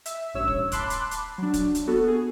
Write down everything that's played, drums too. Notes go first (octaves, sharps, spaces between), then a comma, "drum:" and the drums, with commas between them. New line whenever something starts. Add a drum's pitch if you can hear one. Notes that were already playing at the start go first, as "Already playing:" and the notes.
E5, drum: hi-hat
A1 G2 C#5 E6
drum: kick
A5 B5 C6 D6 F#6, drum: kick, hi-hat
drum: hi-hat
drum: hi-hat
F#3 D4
drum: kick, hi-hat
drum: hi-hat
B3 F#4 A4
G#4